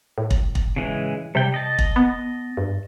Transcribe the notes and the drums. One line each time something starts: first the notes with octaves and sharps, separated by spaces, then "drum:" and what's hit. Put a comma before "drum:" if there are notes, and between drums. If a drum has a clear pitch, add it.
A2
drum: kick
drum: kick
C#3 E3 G#3
C3 G3 G5
D#5 A5
drum: kick
B3
G2